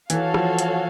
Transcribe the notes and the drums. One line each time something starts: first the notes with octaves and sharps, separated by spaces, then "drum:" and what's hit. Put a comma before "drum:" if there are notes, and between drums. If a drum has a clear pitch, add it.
E3 F#4 A4 C#5 F5, drum: hi-hat
F3, drum: rim click
drum: hi-hat